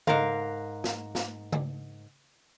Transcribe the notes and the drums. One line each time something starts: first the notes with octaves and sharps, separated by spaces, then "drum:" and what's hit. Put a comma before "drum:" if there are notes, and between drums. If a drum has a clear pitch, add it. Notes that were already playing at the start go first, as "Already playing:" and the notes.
G#2 A#4 F5, drum: tom C#3
drum: snare
drum: snare
drum: tom C#3